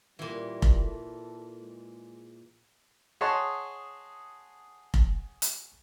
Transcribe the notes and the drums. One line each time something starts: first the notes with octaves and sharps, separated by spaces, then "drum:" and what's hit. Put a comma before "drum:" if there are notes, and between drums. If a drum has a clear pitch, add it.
A#2 E3 G3
drum: kick F1
A4
G#3
G#4 C#5 D#5 F#5 A5 C6
drum: kick F1
drum: hi-hat